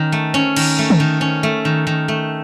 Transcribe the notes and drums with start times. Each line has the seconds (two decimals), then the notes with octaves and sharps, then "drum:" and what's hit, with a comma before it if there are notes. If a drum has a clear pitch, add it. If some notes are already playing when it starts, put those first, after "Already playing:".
Already playing: D#3 C#4
0.12 A3
0.34 C#4
0.56 D#3, drum: cymbal
0.79 A3
0.90 drum: tom D3
1.00 D#3
1.21 C#4
1.43 A3
1.65 D#3
1.87 D#3
2.08 A3